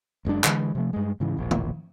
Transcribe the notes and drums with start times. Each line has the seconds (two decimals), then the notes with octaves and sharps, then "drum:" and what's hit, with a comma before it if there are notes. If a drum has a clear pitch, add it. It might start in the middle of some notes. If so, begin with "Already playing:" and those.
0.25 F#1 F#2 G#3 D4
0.44 D3 E3 G#3, drum: clap
0.75 C3 F3 A3
0.93 G2 G#3
1.20 G#2 C#3 E3
1.37 E1 A#1
1.51 drum: tom D#3